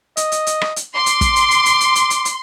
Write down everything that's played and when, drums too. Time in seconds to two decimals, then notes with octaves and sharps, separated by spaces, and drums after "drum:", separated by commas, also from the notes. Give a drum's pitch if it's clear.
0.17 D#5, drum: hi-hat
0.32 drum: hi-hat
0.47 drum: hi-hat
0.61 drum: rim click
0.76 drum: hi-hat
0.96 C6 D6
1.06 drum: hi-hat
1.21 drum: kick, hi-hat
1.36 drum: hi-hat
1.51 drum: hi-hat
1.66 drum: hi-hat
1.81 drum: hi-hat
1.95 drum: hi-hat
2.10 drum: hi-hat
2.25 drum: hi-hat